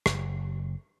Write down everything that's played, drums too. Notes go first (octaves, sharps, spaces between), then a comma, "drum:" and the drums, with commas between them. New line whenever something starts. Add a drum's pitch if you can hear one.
F#1, drum: rim click